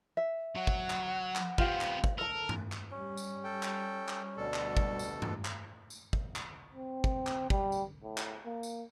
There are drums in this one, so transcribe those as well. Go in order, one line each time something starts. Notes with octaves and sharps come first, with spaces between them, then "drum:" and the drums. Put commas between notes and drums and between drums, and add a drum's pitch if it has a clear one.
E5
F#3 F#5
drum: kick
drum: clap
drum: clap
B3 C4 F4 G4 F5, drum: kick
drum: clap
drum: kick
A4 A#4 A5
drum: tom G2
drum: clap
G3 C#4
drum: tambourine
A4 G5
drum: clap
drum: clap
D2 B2 A4 D5
drum: clap
drum: kick
drum: tambourine
drum: tom G2
drum: clap
drum: tambourine
drum: kick
drum: clap
C4
drum: kick
drum: clap
G3, drum: kick
drum: tambourine
A2
drum: clap
A#3
drum: tambourine